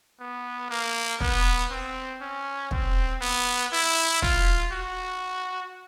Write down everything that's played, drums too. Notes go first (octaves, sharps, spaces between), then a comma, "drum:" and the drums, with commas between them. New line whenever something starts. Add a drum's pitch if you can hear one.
B3
A#3
B3, drum: kick
C4
C#4
C4, drum: kick
B3
E4
F4, drum: kick
F#4